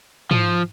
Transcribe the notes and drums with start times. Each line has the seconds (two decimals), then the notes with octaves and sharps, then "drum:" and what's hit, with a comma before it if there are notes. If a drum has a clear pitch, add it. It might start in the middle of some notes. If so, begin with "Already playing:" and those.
0.31 F3, drum: tom G#2